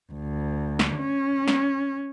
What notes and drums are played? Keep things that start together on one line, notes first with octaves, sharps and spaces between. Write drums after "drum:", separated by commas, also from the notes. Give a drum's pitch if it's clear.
D2
drum: snare
C#4
drum: snare